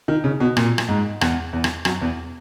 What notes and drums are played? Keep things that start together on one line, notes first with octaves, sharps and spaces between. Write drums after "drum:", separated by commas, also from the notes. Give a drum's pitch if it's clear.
D#3
C#3
B2
A#2, drum: rim click
drum: rim click
G#2
E2, drum: rim click
E2
drum: rim click
F#2, drum: rim click
E2